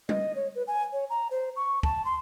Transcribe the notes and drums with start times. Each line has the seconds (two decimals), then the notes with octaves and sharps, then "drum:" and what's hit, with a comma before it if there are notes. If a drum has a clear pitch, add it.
0.09 D#5, drum: tom G3
0.35 C#5
0.55 B4
0.67 G#5
0.93 C#5
1.10 A#5
1.31 C5
1.56 C#6
1.83 A5, drum: kick
2.05 C6